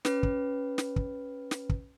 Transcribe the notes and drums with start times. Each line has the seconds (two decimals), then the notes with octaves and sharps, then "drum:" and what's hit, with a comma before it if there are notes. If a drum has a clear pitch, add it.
0.05 C#4 B4, drum: snare
0.23 drum: kick
0.78 drum: snare
0.96 drum: kick
1.51 drum: snare
1.69 drum: kick